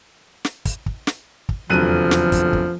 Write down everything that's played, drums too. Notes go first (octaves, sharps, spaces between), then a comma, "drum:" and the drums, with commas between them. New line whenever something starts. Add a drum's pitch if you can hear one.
drum: snare
drum: kick, hi-hat
drum: kick
drum: snare
drum: kick
F1 E2 D3 F3 F#3 F#6 D#7
drum: snare
drum: kick, hi-hat
drum: kick